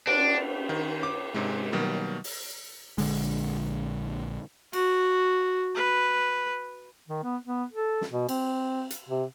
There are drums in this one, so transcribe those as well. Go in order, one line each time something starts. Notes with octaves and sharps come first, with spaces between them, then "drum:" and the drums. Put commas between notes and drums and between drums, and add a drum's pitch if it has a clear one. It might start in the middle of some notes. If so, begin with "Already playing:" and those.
D4, drum: cymbal
D#3
D6
G#2 C3 G#3
B2 D#3 F#3 G3 A#3
drum: open hi-hat
A#1 D3 G#3, drum: open hi-hat
F#4, drum: cymbal
B4
D#3
B3
B3
A4
drum: snare
B2
C4, drum: cymbal
drum: hi-hat
C3